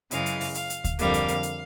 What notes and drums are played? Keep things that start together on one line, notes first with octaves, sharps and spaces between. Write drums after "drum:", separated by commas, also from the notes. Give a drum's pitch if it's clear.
F#2 C#3 E3 G#3 F5, drum: hi-hat
drum: hi-hat
drum: open hi-hat
F5, drum: hi-hat
drum: hi-hat
drum: kick D2, hi-hat
F2 D3 G3 A#3 F5, drum: hi-hat
drum: hi-hat
drum: hi-hat
drum: hi-hat